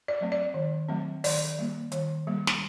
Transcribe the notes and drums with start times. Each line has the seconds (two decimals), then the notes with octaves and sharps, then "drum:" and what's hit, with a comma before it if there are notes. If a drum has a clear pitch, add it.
0.08 D5
0.21 F#3 A3 C4
0.32 D5
0.54 D#3
0.89 F#3 A3 C4
1.24 D#3 D5, drum: open hi-hat
1.58 G3 A#3
1.92 D#3, drum: hi-hat
2.27 G3 A#3
2.47 drum: snare